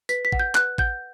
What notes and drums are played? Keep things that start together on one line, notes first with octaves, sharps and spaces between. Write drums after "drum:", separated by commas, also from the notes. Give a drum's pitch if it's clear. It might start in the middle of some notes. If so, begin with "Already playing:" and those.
B4 B6, drum: tambourine
B6
F#5, drum: kick A1
G6
B4 F#6, drum: clap
F#5 G6, drum: kick A1